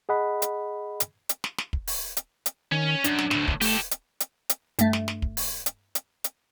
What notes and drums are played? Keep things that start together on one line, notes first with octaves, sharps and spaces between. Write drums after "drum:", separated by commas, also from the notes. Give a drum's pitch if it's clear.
G#4 D#5 F#5 B5
drum: hi-hat
drum: hi-hat
drum: hi-hat
drum: snare
drum: snare
drum: kick
drum: open hi-hat
drum: hi-hat
drum: hi-hat
D#3 C#4
F#2 D4, drum: hi-hat
drum: snare
D2 A2, drum: snare
drum: kick
A3 G4 A4, drum: open hi-hat
drum: hi-hat
drum: hi-hat
drum: hi-hat
G2 A3, drum: hi-hat
drum: snare
drum: snare
drum: kick
drum: open hi-hat
drum: hi-hat
drum: hi-hat
drum: hi-hat